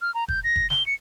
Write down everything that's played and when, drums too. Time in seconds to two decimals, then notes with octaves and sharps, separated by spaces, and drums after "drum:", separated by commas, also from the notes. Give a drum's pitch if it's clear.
0.02 F6
0.14 A#5
0.28 G6, drum: kick
0.44 A#6
0.56 drum: kick
0.70 G7, drum: snare
0.86 C#7